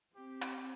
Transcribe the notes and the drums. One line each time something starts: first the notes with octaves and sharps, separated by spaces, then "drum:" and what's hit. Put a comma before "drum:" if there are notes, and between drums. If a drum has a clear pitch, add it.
C4 G4
drum: hi-hat